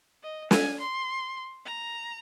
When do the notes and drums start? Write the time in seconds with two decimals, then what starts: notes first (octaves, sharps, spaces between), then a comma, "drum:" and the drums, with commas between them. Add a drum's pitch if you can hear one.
0.23 D#5
0.51 G#5, drum: snare
0.79 C6
1.65 A#5